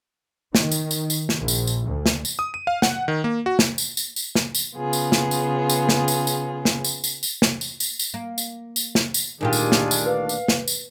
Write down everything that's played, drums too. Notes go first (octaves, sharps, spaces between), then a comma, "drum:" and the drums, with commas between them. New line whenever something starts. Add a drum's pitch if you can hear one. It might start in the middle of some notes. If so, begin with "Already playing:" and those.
D#3, drum: snare
drum: tambourine
drum: tambourine
drum: tambourine
drum: snare
A#1
drum: tambourine
drum: tambourine
D2
drum: snare
drum: tambourine
D#6
D#7
F5
F#5, drum: snare
D#3
A#3
F#4
drum: snare
drum: tambourine
drum: tambourine
drum: tambourine
drum: snare
drum: tambourine
C#3 B3 F4 G#4
drum: tambourine
drum: snare
drum: tambourine
drum: tambourine
drum: snare
drum: tambourine
drum: tambourine
drum: snare
drum: tambourine
drum: tambourine
drum: tambourine
drum: snare
drum: tambourine
drum: tambourine
drum: tambourine
A#3
drum: tambourine
drum: tambourine
drum: snare
drum: tambourine
D2 A#2 D#3 D4 F4 G4 G#4 G#5
drum: tambourine
drum: snare
drum: tambourine
B4 F5
drum: tambourine
drum: snare
drum: tambourine